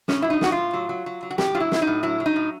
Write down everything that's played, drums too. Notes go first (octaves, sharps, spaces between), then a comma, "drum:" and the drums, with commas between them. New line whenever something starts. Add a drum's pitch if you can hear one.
A2 C#4, drum: snare
F#3 E4
D#4
A2 F#4, drum: snare
F4
A2
F#3
F#3
F#3
F#3
F#4
A2 G4, drum: snare
F#3 F4
E4
F#3 E4, drum: snare
D#4
A2
F#3 E4
F#3
D#4
A2